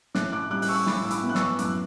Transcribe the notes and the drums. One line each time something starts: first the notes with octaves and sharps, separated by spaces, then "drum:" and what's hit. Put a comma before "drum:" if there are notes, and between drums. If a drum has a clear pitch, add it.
A2 D6 F#6, drum: snare
D6 F#6
G3 D6 F#6
F#6, drum: open hi-hat
C#6 E6
A2 B5 D6, drum: snare
E6
B5 D6, drum: hi-hat
B3
F#6
C#6 E6, drum: snare
F#2 D6 F#6, drum: hi-hat